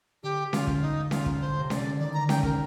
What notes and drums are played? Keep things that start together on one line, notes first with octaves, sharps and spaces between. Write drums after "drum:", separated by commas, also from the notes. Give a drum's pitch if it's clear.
D3 G4
F4, drum: snare C#4
drum: kick
D#4
F4, drum: snare C#4
drum: kick
D3 C5
C3
D5, drum: snare C#4
D3
D#3 D5
A#5
G5, drum: snare C#4
A#4, drum: kick